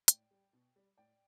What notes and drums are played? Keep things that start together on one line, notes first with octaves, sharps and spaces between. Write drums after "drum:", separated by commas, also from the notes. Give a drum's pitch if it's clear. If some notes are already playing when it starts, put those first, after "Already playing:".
A2 D5 G5, drum: hi-hat
G3
B2
G3
A2 D5 G5